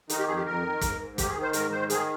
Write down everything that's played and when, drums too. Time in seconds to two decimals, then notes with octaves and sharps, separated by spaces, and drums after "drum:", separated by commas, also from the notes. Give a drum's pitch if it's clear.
0.09 D#3 D#4, drum: hi-hat
0.19 G4
0.28 F2 G#4
0.36 G4
0.46 F2 A#4
0.63 D#3
0.81 G#2, drum: kick, hi-hat
1.00 G#2
1.18 D#3 G4, drum: kick, hi-hat
1.29 G#4
1.36 D#3
1.42 C5
1.53 G#2 A#4, drum: hi-hat
1.72 D#3 C5
1.90 D#3 G#4, drum: hi-hat